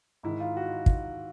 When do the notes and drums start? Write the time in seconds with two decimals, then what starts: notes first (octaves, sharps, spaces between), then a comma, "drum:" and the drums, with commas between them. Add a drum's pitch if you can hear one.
0.23 G#2 D#3 E4
0.40 F4
0.57 F#4
0.86 drum: kick